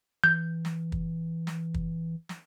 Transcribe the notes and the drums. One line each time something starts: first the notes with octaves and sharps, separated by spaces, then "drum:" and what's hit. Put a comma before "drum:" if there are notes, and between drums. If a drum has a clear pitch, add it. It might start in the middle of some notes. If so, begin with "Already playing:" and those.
E3 G6
drum: snare
drum: kick
drum: snare
drum: kick
drum: snare